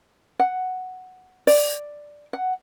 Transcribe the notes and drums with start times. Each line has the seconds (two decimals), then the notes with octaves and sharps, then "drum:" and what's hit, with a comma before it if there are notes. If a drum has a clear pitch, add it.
0.40 F#5
1.47 D5, drum: open hi-hat
2.33 F#5